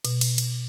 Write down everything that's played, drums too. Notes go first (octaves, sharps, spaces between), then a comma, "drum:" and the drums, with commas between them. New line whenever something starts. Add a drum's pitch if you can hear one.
B2, drum: cymbal
drum: cymbal
drum: cymbal